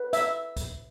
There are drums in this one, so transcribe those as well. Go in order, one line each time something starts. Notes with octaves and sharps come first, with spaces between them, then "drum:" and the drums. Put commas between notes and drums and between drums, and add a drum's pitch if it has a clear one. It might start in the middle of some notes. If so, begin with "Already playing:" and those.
Already playing: B4
E5, drum: hi-hat
drum: kick C#2, hi-hat